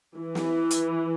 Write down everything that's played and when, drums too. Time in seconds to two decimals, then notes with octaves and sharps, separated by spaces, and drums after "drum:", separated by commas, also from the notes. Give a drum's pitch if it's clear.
0.17 E3
0.35 drum: snare
0.71 drum: hi-hat